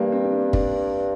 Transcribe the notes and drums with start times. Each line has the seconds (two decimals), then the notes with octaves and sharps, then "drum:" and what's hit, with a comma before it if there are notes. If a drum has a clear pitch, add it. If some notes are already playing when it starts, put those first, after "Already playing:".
Already playing: G2 G3 A#3
0.12 C4
0.25 C4
0.32 D4
0.53 D4, drum: kick